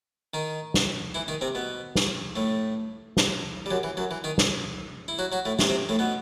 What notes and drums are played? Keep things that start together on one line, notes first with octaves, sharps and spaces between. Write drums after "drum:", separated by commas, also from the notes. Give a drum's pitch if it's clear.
D#3 D#4
drum: snare
E3 E4
D#3 D#4
C3 C4
B2 B3
drum: snare
A2 A3
drum: snare
G3
F#2 F#3
E3
F#2 F#3
E3
D#3 D#4
drum: snare
E4
F#3 F#4
F#3 F#4
A2 A3
C3 C4, drum: snare
C3 C4
A2 A3
B2 B3